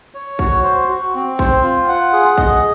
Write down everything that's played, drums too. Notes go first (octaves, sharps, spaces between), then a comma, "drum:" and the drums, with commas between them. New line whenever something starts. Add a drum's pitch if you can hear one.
C#5
F#4, drum: kick
C5
F#4
C4
C5, drum: kick
F4
F#5
G#4
D#5, drum: kick